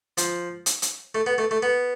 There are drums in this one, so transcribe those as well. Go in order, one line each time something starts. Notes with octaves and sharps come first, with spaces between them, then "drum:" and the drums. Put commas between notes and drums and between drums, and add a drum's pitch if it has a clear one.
F3, drum: hi-hat
drum: hi-hat
drum: hi-hat
A3
B3
A3
A3
B3